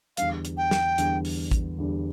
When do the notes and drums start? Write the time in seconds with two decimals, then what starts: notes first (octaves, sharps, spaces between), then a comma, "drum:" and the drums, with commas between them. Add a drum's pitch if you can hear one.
0.17 E2 D3 G3 F5, drum: hi-hat
0.45 drum: hi-hat
0.57 G5
0.71 drum: snare
0.98 E2 D3 G3, drum: hi-hat
1.25 drum: open hi-hat
1.51 drum: kick, hi-hat
1.78 E2 D3 G3